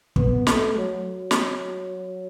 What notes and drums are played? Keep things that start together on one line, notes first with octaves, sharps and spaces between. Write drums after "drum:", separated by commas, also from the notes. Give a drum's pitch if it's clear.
B3, drum: kick
A3, drum: snare
F#3
drum: snare